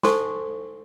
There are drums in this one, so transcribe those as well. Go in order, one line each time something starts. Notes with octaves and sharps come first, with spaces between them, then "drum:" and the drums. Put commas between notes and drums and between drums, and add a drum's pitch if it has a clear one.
D#4 A4 C5 G#5 C6 C#6, drum: snare